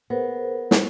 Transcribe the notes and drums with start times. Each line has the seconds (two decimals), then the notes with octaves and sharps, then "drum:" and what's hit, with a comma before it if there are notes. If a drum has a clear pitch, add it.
0.10 B3 G#4 A#4 C5
0.71 drum: snare